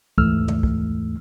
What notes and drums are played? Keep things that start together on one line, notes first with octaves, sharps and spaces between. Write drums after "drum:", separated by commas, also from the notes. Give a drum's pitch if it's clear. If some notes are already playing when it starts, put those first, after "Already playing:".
D#2 G#2 E3 A3 E6 F6, drum: kick
drum: tom
drum: kick